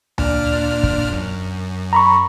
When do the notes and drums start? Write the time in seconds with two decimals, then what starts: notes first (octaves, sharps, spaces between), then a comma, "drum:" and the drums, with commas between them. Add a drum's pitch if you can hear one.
0.18 A#2 D4 F6, drum: tom D2
0.83 drum: kick
1.13 F#2
1.93 A#5 B5 C#6